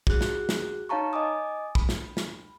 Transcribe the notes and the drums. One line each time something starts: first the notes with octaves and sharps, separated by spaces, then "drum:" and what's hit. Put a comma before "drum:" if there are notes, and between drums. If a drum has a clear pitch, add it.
F#4 G#4 F#6, drum: kick
drum: snare
drum: snare
D#4 C#5 F5 A5 A#5 C#6
D#5 G#5 D6 D#6
B5, drum: kick
drum: snare
drum: snare